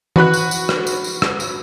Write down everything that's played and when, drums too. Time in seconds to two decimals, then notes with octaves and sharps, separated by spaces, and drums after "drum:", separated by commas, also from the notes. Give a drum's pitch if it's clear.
0.16 F#4 B4 B5 F#6, drum: tom E3
0.33 drum: tambourine
0.51 drum: tambourine
0.69 drum: rim click
0.87 drum: tambourine
1.04 drum: tambourine
1.22 drum: rim click
1.40 drum: tambourine